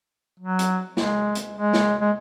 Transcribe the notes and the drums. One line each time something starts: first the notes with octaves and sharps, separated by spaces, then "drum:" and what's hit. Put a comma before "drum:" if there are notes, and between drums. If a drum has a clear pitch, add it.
F#3
drum: hi-hat
G#3, drum: snare
drum: hi-hat
G#3
drum: snare
G#3